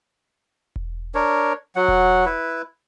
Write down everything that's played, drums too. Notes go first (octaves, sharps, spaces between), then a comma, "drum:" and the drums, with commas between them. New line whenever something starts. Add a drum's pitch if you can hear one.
drum: kick E1
D4 A#4 C#5
F#3 F#5
drum: kick E1
E4 B4